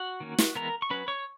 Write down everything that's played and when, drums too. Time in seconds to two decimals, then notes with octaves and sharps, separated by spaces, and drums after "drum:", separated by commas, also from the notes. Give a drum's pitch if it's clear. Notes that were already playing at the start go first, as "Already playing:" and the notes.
Already playing: F#4 F#5
0.20 D#3 A#3 C#4
0.38 drum: snare
0.55 E3 G#3 B3 A#4 A#5
0.82 C#6
0.90 F#3 C#4 B4 B5
1.08 C#5 C#6